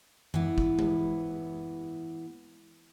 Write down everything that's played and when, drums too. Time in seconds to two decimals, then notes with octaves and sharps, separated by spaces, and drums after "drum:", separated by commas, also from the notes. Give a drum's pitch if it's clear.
0.34 E3 B3, drum: tom F#2
0.58 drum: kick
0.79 drum: tom G#3